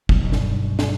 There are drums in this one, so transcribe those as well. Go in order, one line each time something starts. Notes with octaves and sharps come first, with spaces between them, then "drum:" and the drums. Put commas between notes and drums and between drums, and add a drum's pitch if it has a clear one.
B1 G2, drum: kick
drum: snare
drum: snare